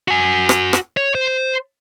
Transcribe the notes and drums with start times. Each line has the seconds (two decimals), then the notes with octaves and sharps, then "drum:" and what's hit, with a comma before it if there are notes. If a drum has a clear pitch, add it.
0.08 F#4 G#5
0.49 drum: rim click
0.73 drum: rim click
0.97 C#5
1.15 C5